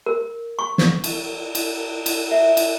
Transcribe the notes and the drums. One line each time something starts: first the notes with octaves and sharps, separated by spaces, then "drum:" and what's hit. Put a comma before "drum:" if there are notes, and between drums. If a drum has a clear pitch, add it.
A#4
C#6
drum: snare
drum: cymbal
drum: cymbal
drum: cymbal
E5
drum: cymbal